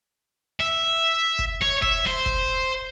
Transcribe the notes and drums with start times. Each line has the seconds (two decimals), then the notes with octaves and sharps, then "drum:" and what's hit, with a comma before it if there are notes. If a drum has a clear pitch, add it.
0.60 E5
1.39 drum: kick
1.62 C#5
1.82 E5, drum: kick
2.07 C5
2.26 drum: kick